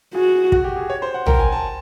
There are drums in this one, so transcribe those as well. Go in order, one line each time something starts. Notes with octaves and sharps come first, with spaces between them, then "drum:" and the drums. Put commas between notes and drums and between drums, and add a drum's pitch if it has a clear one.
F#4 G#4
F#4, drum: kick
G4
G#4
C#5
C5
F#5
A#4 G5, drum: tom A#1
G#5
A5